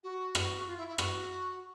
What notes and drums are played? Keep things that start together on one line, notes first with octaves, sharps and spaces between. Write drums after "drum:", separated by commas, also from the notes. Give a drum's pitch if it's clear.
F#4
drum: rim click
F4
E4
E4
F#4, drum: rim click